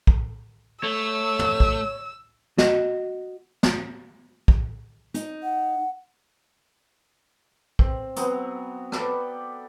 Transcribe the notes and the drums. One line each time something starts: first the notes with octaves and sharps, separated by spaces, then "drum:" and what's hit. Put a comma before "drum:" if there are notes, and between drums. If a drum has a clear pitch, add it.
drum: kick
A3 C#5 E6
drum: tom
drum: kick
F#4 D#5, drum: snare
drum: snare
drum: kick
D#4, drum: hi-hat
F#5
C4, drum: kick
F#3 B3 C4, drum: hi-hat
A4 B4 D5 G5, drum: rim click